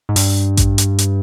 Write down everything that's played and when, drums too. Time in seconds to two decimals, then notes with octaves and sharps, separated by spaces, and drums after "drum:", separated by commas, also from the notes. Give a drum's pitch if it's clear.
0.09 G#2
0.16 G2, drum: open hi-hat
0.57 drum: kick A1, hi-hat
0.78 drum: hi-hat
0.99 drum: hi-hat